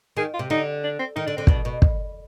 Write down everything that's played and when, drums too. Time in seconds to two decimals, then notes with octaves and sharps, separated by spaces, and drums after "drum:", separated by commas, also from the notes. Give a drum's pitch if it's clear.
0.17 D#3 G#4
0.34 F4
0.39 C3
0.50 D3 D#4
0.84 D4
0.99 C4
1.16 D#3 D#4
1.26 D3 D4
1.36 D3 C4
1.47 B2 D4, drum: kick
1.65 B2
1.82 drum: kick